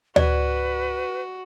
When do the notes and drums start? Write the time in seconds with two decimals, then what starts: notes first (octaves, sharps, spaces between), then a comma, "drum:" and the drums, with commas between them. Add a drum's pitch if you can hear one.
0.16 F#4 B4 D5, drum: tom D2